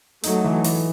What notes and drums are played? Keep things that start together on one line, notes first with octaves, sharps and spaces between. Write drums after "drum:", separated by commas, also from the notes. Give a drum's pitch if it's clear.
F#3 A3 D#4, drum: hi-hat
E3
E3, drum: open hi-hat